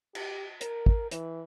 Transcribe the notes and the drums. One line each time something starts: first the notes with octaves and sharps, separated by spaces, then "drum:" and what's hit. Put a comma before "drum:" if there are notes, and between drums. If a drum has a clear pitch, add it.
G4, drum: cymbal
A#4, drum: hi-hat
drum: kick
E3, drum: hi-hat